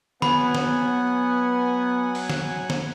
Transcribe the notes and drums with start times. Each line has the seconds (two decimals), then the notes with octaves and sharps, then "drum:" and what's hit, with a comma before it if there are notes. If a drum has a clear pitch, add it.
0.22 F#3 B3 F#5 G#5 B5, drum: snare
0.55 drum: snare
2.15 drum: open hi-hat
2.30 drum: snare
2.70 drum: snare